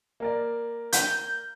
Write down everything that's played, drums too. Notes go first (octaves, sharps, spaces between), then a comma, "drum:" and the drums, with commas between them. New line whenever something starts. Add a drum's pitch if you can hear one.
A#3 A#4 D5
G6, drum: hi-hat